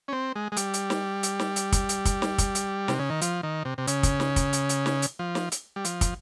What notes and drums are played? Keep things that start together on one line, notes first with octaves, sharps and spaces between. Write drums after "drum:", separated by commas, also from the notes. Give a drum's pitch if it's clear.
C#4
C4
G#3
G#3
G3, drum: hi-hat
drum: hi-hat
drum: snare
drum: hi-hat
drum: snare
drum: hi-hat
drum: kick, hi-hat
drum: hi-hat
drum: kick, hi-hat
drum: snare
drum: kick, hi-hat
drum: hi-hat
C3, drum: snare
C#3
D#3
F3, drum: hi-hat
D#3
C3
C3
C#3, drum: hi-hat
drum: kick, hi-hat
drum: snare
drum: kick, hi-hat
drum: hi-hat
drum: hi-hat
drum: snare
drum: hi-hat
F3
drum: snare
drum: hi-hat
G3
F3, drum: hi-hat
drum: kick, hi-hat